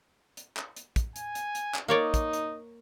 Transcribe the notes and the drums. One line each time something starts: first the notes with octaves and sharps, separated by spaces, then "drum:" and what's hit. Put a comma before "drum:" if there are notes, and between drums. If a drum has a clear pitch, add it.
drum: hi-hat
drum: clap
drum: hi-hat
drum: kick, hi-hat
G#5, drum: hi-hat
drum: hi-hat
drum: hi-hat
drum: clap
A#3 D#4 C#5 D5
drum: kick, hi-hat
drum: hi-hat